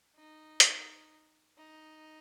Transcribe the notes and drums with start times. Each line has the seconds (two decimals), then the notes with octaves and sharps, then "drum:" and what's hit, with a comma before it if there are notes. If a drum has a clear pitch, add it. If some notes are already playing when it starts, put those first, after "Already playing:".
0.15 D#4
0.60 drum: hi-hat
1.57 D#4